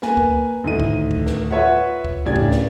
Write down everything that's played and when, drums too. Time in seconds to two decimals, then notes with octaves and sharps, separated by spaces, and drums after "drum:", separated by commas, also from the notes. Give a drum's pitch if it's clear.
0.02 A#3 B4 G#5, drum: snare
0.17 drum: kick
0.64 D2 A2 D#3 D#4 D#7
0.80 drum: kick
1.11 drum: kick
1.26 drum: snare
1.50 F4 B4 C#5 E5 F#5
2.05 drum: kick
2.25 A1 C#3 D4 G4 D5 G#6
2.36 drum: kick
2.51 drum: snare